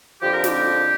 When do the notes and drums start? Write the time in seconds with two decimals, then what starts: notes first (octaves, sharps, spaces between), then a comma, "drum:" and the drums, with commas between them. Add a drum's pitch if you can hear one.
0.21 F2 D3 F3 G4
0.32 A#4
0.44 G4, drum: snare